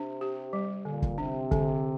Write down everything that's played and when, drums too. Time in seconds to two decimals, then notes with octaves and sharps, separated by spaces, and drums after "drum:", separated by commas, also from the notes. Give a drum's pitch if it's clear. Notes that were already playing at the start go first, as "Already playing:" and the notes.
Already playing: C3 D4
0.21 G4
0.53 G3
0.85 A#2 D3
1.02 drum: kick
1.18 C3 D4
1.51 D3, drum: kick